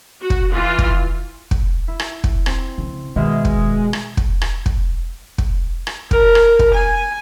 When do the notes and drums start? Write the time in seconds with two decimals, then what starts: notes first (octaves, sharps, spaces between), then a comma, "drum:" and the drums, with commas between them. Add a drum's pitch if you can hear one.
0.20 F#4
0.30 drum: kick
0.51 E3 F4
0.79 drum: kick
1.51 drum: kick
1.88 E4
2.00 drum: rim click
2.24 drum: kick
2.46 C4, drum: rim click
2.78 C#3
3.16 B2 D#3 G#3 E5 F6
3.45 drum: kick
3.93 drum: rim click
4.17 drum: kick
4.42 drum: rim click
4.66 drum: kick
5.38 drum: kick
5.87 drum: rim click
6.11 A#4, drum: kick
6.35 drum: rim click
6.59 drum: kick
6.74 G#5